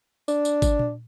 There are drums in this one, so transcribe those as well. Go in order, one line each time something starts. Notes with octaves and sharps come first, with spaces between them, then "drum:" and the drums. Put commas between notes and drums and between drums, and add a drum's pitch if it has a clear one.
D4, drum: tambourine
drum: tambourine
drum: kick G#1, tambourine
drum: tom A#2